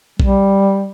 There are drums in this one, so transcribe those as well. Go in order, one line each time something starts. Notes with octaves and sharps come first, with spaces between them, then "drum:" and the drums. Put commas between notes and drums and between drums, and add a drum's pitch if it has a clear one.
G3, drum: kick A#1